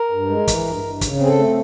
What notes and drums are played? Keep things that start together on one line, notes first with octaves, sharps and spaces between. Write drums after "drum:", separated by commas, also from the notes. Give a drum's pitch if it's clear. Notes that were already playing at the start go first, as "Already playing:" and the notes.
Already playing: A#4
G2
G#3
E3, drum: kick, hi-hat
G2
G2
C#3, drum: kick, hi-hat
C4 G#4
A4
A3